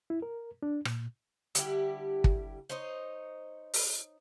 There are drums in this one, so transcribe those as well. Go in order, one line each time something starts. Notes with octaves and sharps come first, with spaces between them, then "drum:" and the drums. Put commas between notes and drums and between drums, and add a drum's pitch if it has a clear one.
E4
A#4
D4
A#2, drum: rim click
D3 G3 E4 G4, drum: hi-hat
drum: kick
D#4 C5 C#5 D#5
drum: open hi-hat